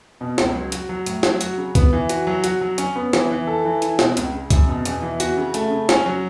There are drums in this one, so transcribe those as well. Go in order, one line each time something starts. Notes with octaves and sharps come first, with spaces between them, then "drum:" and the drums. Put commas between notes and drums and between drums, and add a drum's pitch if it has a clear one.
B2
C#2, drum: snare
F#3
F#4, drum: hi-hat
F#3
A2, drum: hi-hat
F#3, drum: snare
F#4, drum: hi-hat
C#3
B3, drum: kick C#2, hi-hat
E3
F#4, drum: hi-hat
F#3
F#4, drum: hi-hat
F#3
C#4, drum: hi-hat
B3
E3, drum: snare
E3
A4
E3
E4, drum: hi-hat
B2, drum: snare
C#2, drum: hi-hat
C#3
F#2, drum: kick C#2, hi-hat
B2
E2, drum: hi-hat
E3
F#4, drum: hi-hat
C#3
A3, drum: hi-hat
C#3
C#4, drum: snare
F#3